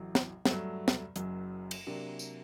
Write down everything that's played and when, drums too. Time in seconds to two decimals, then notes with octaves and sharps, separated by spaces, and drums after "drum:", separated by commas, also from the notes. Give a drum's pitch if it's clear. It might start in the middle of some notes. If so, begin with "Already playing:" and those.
Already playing: A1 A2 F#3
0.15 drum: snare
0.45 G2 F#3 A3, drum: snare
0.88 drum: snare
1.16 F#1 F#2 F#3, drum: hi-hat
1.71 drum: cymbal
1.87 C3 F#3 A#3 D4 G4
2.19 drum: tambourine